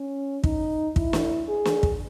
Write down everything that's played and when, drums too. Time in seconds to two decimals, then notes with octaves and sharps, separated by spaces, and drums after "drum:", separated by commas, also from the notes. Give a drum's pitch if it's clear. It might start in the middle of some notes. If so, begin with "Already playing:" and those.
Already playing: C#4
0.44 D#4, drum: kick
0.96 E4, drum: kick
1.13 drum: snare
1.49 G#4
1.65 drum: snare
1.83 drum: kick